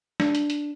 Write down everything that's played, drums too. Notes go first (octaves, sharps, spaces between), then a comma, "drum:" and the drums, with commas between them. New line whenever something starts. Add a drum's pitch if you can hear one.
D4, drum: snare
drum: hi-hat
drum: hi-hat